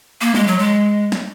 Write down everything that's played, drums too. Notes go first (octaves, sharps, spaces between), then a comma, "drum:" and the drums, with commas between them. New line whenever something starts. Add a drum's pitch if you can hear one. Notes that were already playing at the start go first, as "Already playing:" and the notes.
A#3
G#3, drum: tom F#3
F#3
G#3
drum: snare